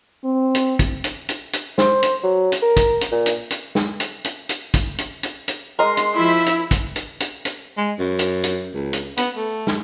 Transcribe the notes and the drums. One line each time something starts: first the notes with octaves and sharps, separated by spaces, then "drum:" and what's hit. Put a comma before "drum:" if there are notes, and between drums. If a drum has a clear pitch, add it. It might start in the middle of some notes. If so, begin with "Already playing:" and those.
C4
drum: hi-hat
drum: kick, hi-hat
drum: hi-hat
drum: hi-hat
drum: hi-hat
C5, drum: snare
drum: hi-hat
F#3
drum: hi-hat
A#4
drum: kick, hi-hat
drum: hi-hat
A#2
drum: hi-hat
drum: hi-hat
drum: snare
drum: hi-hat
drum: hi-hat
drum: hi-hat
drum: kick, hi-hat
drum: hi-hat
drum: hi-hat
drum: hi-hat
G#3 A#4 D#5 C6
drum: hi-hat
F3 E4 E5
drum: hi-hat
drum: kick, hi-hat
drum: hi-hat
drum: hi-hat
drum: hi-hat
G#3
F#2
drum: hi-hat
drum: hi-hat
C#2
drum: hi-hat
B3, drum: hi-hat
A3
drum: snare